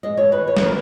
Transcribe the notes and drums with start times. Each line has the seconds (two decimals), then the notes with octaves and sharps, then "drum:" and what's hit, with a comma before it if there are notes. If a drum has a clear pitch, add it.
0.03 G#3 D#5
0.17 C#5
0.32 D#3 B4
0.48 C#5
0.57 B4, drum: snare
0.61 D#3 A#4